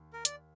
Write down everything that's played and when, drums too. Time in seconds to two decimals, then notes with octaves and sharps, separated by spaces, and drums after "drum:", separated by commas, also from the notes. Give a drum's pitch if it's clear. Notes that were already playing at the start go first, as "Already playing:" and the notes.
Already playing: D#2
0.13 A#4
0.25 D5, drum: hi-hat